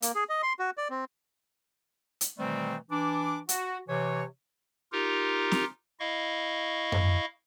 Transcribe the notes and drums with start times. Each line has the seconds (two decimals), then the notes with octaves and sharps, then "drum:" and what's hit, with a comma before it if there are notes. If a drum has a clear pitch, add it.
0.02 A#3, drum: hi-hat
0.15 G#4
0.29 D#5
0.43 C6
0.59 F#4
0.77 D5
0.90 C4
2.21 drum: hi-hat
2.39 B2 D#3 E3 G3 A3 C4
2.91 E3 D4 D6
3.49 F#4, drum: hi-hat
3.88 C3 E3 C#5
4.92 D#4 F4 G4 A#4
5.52 drum: snare C4
6.00 E4 D#5 F5 C#6
6.92 drum: tom F#2